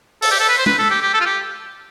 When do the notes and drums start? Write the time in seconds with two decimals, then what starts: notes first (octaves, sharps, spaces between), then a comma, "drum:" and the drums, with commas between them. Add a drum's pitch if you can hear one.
0.22 A4, drum: open hi-hat
0.31 G4
0.40 A4
0.49 B4
0.58 C5
0.66 B4, drum: tom G#3
0.79 A4
0.90 G4
1.01 G4
1.14 A4
1.21 F4
1.26 G4